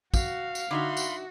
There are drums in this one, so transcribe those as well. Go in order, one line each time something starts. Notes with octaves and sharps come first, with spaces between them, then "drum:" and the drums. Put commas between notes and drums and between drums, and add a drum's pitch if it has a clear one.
F#4 F5, drum: kick, tambourine
drum: tambourine
D3 D#4 F#4 E5 B5 C6
drum: tambourine